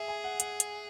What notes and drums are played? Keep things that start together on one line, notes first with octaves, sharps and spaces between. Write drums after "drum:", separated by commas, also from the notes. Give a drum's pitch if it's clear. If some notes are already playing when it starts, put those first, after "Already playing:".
Already playing: G#4 E5
G#5
F#5
F#5, drum: hi-hat
drum: hi-hat